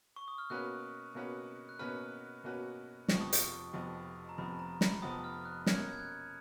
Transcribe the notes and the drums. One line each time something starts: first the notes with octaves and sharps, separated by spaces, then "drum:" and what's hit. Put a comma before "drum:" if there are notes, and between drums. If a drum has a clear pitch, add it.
C#6
D#6
F6
B2 A#3 C#4 F#4 B4 F#6
B2 A#3 C#4 F#4 B4
F#6
B2 A#3 C#4 F#4 B4 F6
B2 A#3 C#4 F#4 B4
F1 F2 F3 B3 C#6, drum: snare
D#6
C#6, drum: hi-hat
F1 F2 F3 B3
A#5
F1 F2 F3 B3 B5
A#5
B5, drum: snare
F1 F2 F3 B3 D#6
F6
F#6
B2 A#3 C#4 F6 G#6, drum: snare
G#6
F#6